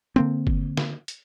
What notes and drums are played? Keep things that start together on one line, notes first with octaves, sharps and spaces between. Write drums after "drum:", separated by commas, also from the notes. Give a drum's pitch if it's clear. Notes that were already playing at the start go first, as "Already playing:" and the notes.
D3 A#3 C4
drum: kick G1
drum: snare
drum: hi-hat